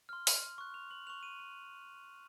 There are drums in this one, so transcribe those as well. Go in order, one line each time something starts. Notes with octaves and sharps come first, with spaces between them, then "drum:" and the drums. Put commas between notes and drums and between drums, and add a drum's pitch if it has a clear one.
C6 F6
drum: open hi-hat
C#6 F#6
F7
F#7
C#6 F#6 F7
D#7
D#7